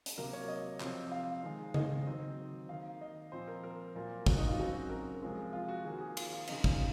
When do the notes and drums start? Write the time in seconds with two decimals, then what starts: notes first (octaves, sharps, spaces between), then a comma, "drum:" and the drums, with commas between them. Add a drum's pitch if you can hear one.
0.06 drum: hi-hat
0.18 C3 F#3 A#3 A#4
0.33 C#5
0.48 D#5
0.80 C3 F3 C4, drum: clap
1.11 F5
1.43 D#3 G#3 C4
1.74 D#5, drum: tom C#3
2.06 D#3 F#3 C4
2.69 D#3 A#3 F5
3.01 D#5
3.32 A#2 F3 C4 C5
3.48 A#4
3.64 A#4
3.95 A#2 F#3 A#3
4.26 F#4, drum: kick
4.37 D#4
4.48 F4
4.58 C#3 F#3 C4 F#4
4.74 F#4
4.90 A#4
5.22 C3 F3 G#3 C4
5.53 F4
5.68 F#4
5.85 D#3 A#3 G#4
6.01 G#4
6.17 F4, drum: cymbal
6.33 F4
6.47 C#3 F#3 C4 D#4, drum: cymbal
6.64 F4, drum: kick